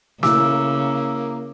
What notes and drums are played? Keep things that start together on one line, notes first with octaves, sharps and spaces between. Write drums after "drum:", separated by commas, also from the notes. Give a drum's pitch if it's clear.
C#3 A#3 E4 D6 E6, drum: snare